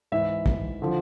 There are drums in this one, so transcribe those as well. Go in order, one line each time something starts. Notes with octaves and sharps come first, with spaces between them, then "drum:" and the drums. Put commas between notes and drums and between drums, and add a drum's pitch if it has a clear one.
G#2 E3 E5
drum: kick
D3 F3